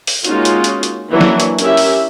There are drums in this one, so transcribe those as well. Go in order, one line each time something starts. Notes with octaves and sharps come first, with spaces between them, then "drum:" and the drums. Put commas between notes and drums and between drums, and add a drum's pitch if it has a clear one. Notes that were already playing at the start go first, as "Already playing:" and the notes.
drum: open hi-hat
G#3 A#3 C#4 D#4 F4 F#4, drum: hi-hat
drum: hi-hat
drum: hi-hat
drum: hi-hat
E3 F#3 A#3 D4 E4
drum: snare
drum: hi-hat
C#4 E4 G4 A#4 E5, drum: hi-hat
drum: open hi-hat